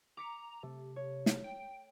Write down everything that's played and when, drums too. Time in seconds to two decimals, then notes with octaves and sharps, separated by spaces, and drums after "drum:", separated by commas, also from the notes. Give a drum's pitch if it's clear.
0.17 A#5 D6 B6 C#7
0.63 C3 A3
0.96 C#5
1.26 drum: snare
1.44 G5